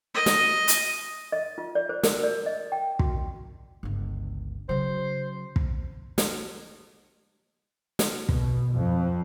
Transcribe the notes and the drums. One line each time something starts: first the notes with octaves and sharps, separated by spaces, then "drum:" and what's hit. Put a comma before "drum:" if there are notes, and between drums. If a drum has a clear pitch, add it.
D#5
drum: snare
drum: hi-hat
D#5
F4
D5
C5
A#4, drum: snare
D5
D#5
G5
F#4, drum: kick
G1 C#2
C#3 F#3 C5
drum: kick
drum: snare
drum: snare
B2, drum: kick
F2